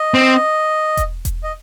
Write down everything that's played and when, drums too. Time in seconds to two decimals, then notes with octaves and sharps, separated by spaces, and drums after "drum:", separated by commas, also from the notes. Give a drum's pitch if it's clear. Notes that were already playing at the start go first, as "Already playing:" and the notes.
Already playing: D#5
0.14 C4
0.97 drum: kick E1, hi-hat
1.25 drum: kick E1, hi-hat
1.43 D#5